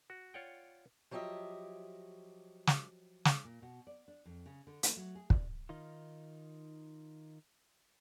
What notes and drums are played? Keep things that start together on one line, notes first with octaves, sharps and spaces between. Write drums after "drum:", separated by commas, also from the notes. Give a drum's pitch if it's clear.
F#4
F4 C#5 D5 F#5 G5
F3 F#3 G4 C#5 D#5 E5
drum: snare
drum: snare
A#2
B2
D5
D4
F2
C#3
D3
A3, drum: hi-hat
F#3
G#4
D4, drum: kick
D#3 D#4 F4